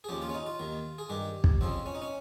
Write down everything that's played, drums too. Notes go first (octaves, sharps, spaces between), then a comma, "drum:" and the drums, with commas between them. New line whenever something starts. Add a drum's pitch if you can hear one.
G#4
D#2 C#3 F3 G4
F4
C#4
D#4
F4
D#2 D#3
G#4
G2 D#3 G4
drum: kick
F2 C#3 F3 C4
C#4
D#4
C#4